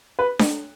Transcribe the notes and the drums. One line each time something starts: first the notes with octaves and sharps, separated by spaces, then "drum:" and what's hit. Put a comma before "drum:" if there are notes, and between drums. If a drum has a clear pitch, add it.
B4
drum: snare D4